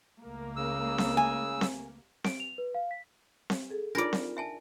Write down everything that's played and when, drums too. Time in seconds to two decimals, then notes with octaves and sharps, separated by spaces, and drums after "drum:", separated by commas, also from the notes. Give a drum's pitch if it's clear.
0.22 C#2 A3 A#3
0.56 C#3 E6
0.98 drum: snare C4
1.17 G#5
1.61 drum: snare C4
2.24 D7, drum: snare C4
2.40 F7
2.58 B4
2.75 F5
2.91 B6
3.50 drum: snare C4
3.71 G#4 A4
3.95 D4 D#4 F4 A#4 D5
4.13 drum: snare C4
4.37 E5 G#5 A5